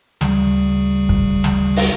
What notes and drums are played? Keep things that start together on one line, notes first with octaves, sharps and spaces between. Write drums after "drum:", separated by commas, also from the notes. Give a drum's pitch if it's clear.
D2 C#3 G3, drum: snare
drum: kick
drum: snare
drum: open hi-hat